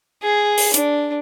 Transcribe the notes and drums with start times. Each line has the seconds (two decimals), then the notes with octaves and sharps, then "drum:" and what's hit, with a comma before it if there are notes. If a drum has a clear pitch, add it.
0.23 G#4
0.58 drum: open hi-hat
0.74 D4, drum: hi-hat